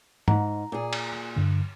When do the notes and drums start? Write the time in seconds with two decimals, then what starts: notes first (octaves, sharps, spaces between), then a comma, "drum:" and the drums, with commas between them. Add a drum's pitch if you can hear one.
0.28 G#2 A#5, drum: tom G#2
0.72 A#2 G#4
0.93 drum: cymbal
1.36 G2 D3